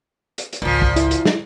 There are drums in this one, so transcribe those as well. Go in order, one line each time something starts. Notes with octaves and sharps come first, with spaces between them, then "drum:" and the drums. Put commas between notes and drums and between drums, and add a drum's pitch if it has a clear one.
drum: hi-hat
drum: hi-hat
G#1 C#2 A#2 F3
drum: kick
E4, drum: hi-hat
drum: hi-hat
drum: snare